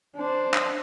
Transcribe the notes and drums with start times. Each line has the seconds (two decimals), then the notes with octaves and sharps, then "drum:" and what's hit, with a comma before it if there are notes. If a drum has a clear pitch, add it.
0.16 D4 C5
0.54 drum: clap